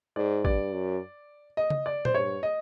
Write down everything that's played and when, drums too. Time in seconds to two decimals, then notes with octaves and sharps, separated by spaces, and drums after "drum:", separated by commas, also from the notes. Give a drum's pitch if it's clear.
0.16 G#2 D5
0.45 G2 D5, drum: kick A1
0.73 F#2
1.57 D#5
1.70 drum: tom C#3
1.86 D5
2.05 C5, drum: tom A#2
2.14 G2 C#5
2.43 D#5